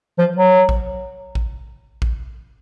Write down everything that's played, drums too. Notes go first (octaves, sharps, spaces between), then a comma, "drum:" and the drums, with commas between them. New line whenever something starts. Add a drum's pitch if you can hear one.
F3
F#3
drum: kick A1
drum: kick A1
drum: kick A1